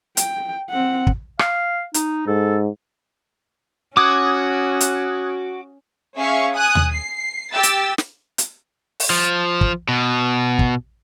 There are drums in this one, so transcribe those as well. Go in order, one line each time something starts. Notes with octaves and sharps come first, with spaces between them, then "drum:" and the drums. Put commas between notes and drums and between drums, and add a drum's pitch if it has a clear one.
G5, drum: hi-hat
C4 F#5
drum: kick
F5, drum: rim click
D#4, drum: hi-hat
G#2 A4
C#4 F#4 D6 D#6 F#6 G#6
drum: hi-hat
C#4 G#4 E5 F5 C#6
G#5 D#6 F#6
drum: tom D#2
C7
G4 E6 A6
drum: hi-hat
drum: snare
drum: hi-hat
drum: open hi-hat
F3
drum: kick
B2
drum: kick